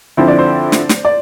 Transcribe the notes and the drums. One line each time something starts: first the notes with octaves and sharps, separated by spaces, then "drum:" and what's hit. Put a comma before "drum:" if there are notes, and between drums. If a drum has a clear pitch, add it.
D3 F3 C4 E4 C5
D5
C5
drum: snare
drum: snare
D5